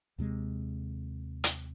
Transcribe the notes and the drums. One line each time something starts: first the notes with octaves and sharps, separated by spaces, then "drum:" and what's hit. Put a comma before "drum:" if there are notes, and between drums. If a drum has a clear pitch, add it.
D#2 C3 G#3
drum: hi-hat